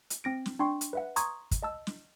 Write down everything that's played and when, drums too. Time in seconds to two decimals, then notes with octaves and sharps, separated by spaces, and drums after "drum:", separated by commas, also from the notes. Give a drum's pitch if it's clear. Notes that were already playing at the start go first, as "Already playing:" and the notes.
0.10 drum: hi-hat
0.24 C4 A#6 D7
0.46 drum: snare
0.59 D4 G5 C6 C#6
0.81 drum: hi-hat
0.93 B4 E5 F#5
1.16 A#5 C6 C#6 D#6 G#6, drum: hi-hat
1.51 drum: kick, hi-hat
1.62 D#5 A5 E6
1.87 drum: snare